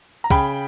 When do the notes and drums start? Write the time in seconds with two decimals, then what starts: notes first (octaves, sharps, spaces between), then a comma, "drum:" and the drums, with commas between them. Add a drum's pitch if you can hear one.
0.24 A#5
0.30 C#3 G5 B5, drum: kick, open hi-hat